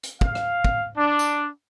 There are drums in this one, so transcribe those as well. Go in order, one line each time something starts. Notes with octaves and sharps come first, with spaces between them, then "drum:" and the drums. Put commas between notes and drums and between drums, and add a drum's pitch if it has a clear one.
drum: hi-hat
F5, drum: kick
drum: rim click
drum: kick
D4
drum: tambourine